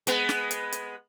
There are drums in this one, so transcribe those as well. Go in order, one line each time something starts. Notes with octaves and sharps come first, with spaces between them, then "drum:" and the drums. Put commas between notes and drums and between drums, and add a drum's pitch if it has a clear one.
G#3 B3, drum: hi-hat
drum: snare
drum: hi-hat
drum: hi-hat